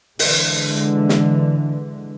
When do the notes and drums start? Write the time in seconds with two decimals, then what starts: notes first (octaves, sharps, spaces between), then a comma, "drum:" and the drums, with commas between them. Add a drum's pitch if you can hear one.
0.19 D3 E3 G#3, drum: open hi-hat
1.09 drum: snare